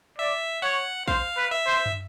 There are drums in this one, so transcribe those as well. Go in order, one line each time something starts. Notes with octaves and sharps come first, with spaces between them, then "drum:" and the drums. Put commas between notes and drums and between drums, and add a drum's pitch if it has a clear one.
D5 E5
C#5 F#5
C5 F5, drum: kick
B4
E5
C5
drum: tom